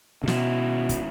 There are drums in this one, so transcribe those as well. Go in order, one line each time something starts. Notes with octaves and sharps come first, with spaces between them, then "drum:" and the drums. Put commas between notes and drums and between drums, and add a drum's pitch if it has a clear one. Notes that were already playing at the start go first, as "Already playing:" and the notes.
C#3
B2 D#3 G#3 C#4 E4, drum: snare
drum: kick, hi-hat